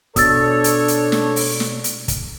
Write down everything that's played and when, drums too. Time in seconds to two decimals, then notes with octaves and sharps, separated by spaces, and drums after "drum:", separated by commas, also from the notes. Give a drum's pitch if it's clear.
0.16 B2 D4 A4 C#5 D#6 E6 A6, drum: kick, hi-hat
0.64 drum: hi-hat
0.88 drum: hi-hat
1.12 drum: snare
1.36 drum: open hi-hat
1.60 drum: snare
1.84 drum: hi-hat
2.08 drum: kick, hi-hat